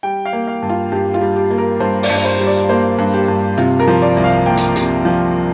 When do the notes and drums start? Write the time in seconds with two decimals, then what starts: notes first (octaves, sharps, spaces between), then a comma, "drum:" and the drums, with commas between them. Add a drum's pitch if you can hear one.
0.03 G3 G5
0.25 F5
0.33 A#3
0.47 F5
0.62 G2
0.69 F4
0.92 G2 G4
1.14 F4
1.21 G3
1.36 G4
1.50 A#3
1.58 A#4
1.80 G2 C5
2.03 D5, drum: open hi-hat
2.10 G2
2.25 C5
2.39 G3
2.47 D5
2.69 A#3 C5
2.98 G2
3.14 G4
3.28 G2
3.57 C3 F4
3.80 A#4
3.88 F3
4.02 D5
4.17 C2
4.24 F5
4.46 A#3 G5
4.57 drum: hi-hat
4.76 C3, drum: hi-hat
5.05 F3